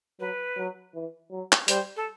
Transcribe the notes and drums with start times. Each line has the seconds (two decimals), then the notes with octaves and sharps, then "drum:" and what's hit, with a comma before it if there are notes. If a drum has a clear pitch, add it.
0.20 F#3 B4
0.57 F#3
0.95 E3
1.32 F#3
1.52 drum: clap
1.68 G3 C5, drum: hi-hat
1.96 A4